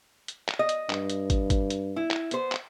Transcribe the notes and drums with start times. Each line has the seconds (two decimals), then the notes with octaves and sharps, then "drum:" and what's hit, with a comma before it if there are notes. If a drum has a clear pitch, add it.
0.28 drum: hi-hat
0.49 drum: clap
0.59 D#5
0.69 drum: hi-hat
0.90 G2, drum: clap
1.10 drum: hi-hat
1.30 drum: kick, hi-hat
1.50 drum: kick, hi-hat
1.70 drum: hi-hat
1.96 E4
2.11 drum: clap
2.31 B3 C5, drum: hi-hat
2.52 drum: clap